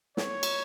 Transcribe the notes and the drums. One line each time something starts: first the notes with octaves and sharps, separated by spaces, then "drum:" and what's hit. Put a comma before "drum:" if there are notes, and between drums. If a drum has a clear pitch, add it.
C#5, drum: snare
drum: cymbal